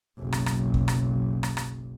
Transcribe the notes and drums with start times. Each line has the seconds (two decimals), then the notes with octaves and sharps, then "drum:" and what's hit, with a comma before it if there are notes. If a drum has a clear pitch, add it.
0.19 F#1 B1
0.32 drum: rim click
0.46 drum: rim click
0.74 drum: kick
0.88 drum: rim click
1.43 drum: rim click
1.57 drum: rim click